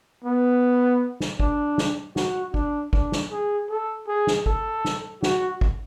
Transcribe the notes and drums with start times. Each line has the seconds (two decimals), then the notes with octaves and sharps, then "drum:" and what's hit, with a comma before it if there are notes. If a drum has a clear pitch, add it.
0.24 B3
1.20 drum: snare
1.40 D4, drum: kick
1.78 drum: snare
2.16 F#4, drum: snare
2.54 D4, drum: kick
2.93 D4, drum: kick
3.12 drum: snare
3.32 G#4
3.70 A4
4.08 G#4
4.27 drum: snare
4.46 A4, drum: kick
4.85 drum: snare
5.23 F#4, drum: snare
5.61 drum: kick